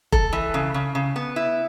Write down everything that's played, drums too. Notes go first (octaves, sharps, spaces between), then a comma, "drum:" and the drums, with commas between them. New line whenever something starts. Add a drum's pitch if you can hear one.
A4, drum: kick F1
E3
C#3
C#3
C#3
B3
E4